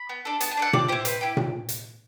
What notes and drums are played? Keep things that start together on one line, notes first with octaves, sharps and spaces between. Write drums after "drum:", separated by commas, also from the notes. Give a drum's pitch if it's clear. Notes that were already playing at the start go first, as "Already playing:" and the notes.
Already playing: B5
B3
D4 A4
B3 A5, drum: hi-hat
A5
D4 A4 F#5
C4 D5, drum: tom A#2
E4 G4 C5
C4 B4, drum: hi-hat
E4 G4
drum: tom A#2
drum: hi-hat